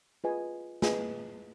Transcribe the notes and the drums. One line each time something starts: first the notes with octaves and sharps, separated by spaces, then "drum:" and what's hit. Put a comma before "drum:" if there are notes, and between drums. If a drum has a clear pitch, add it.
F4 G#4 B4 D#5 G#5
F4 G#4 B4 D#5 G#5, drum: snare